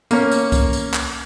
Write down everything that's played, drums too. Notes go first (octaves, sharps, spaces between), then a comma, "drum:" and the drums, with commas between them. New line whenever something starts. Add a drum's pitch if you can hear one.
A#3 C#4, drum: tambourine
drum: tambourine
drum: kick C2, tambourine
drum: tambourine
drum: clap